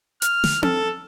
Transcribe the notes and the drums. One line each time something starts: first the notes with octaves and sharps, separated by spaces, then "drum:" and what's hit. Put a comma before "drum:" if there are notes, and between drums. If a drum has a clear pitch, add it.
F6, drum: hi-hat
drum: snare
A4, drum: tom C4